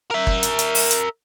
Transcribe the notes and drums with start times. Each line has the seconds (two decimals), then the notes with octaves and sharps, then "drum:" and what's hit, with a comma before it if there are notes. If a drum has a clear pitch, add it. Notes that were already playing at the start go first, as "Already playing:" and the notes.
0.11 A#4 E5
0.27 drum: kick
0.43 drum: hi-hat
0.59 drum: hi-hat
0.75 drum: open hi-hat
0.91 drum: hi-hat